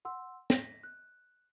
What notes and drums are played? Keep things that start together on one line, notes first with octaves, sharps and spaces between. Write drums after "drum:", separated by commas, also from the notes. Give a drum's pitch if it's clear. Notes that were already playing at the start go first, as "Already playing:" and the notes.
F#5 C6 E6
A#6 B6, drum: snare
F#6